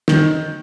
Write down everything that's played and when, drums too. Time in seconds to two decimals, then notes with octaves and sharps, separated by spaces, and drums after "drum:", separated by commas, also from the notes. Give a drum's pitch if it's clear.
0.08 D#3, drum: snare